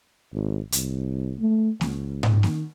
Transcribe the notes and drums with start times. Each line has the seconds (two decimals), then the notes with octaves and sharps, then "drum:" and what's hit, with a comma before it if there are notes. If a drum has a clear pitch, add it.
0.33 G#1
0.72 C2, drum: hi-hat
1.40 A3
1.81 C#2, drum: snare A#3
2.23 drum: tom G#2
2.43 D#3, drum: snare A#3